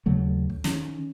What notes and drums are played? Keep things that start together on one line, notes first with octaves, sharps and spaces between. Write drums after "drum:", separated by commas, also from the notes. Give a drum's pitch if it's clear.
D#2 C#3 F#3 A3
drum: kick
D#3 C#4, drum: snare